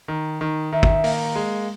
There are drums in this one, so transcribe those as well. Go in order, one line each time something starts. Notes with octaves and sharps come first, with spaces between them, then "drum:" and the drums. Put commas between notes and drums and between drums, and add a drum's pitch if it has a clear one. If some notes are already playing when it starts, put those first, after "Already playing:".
D#3
D#3
D#3 E5
drum: kick
A#3, drum: open hi-hat
G#3